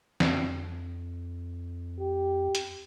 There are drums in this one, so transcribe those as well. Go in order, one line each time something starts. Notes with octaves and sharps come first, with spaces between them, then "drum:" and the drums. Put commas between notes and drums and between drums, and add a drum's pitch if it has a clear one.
F2, drum: snare
G4
drum: hi-hat